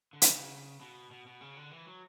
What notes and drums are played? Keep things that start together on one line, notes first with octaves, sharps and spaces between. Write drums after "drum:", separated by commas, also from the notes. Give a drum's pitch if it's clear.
D3
C#3, drum: hi-hat
B2
B2
B2
C#3
D3
E3
F#3